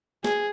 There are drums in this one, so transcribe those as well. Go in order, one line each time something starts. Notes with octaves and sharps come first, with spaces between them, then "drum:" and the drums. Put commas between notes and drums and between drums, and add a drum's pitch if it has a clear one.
G#4, drum: snare A#3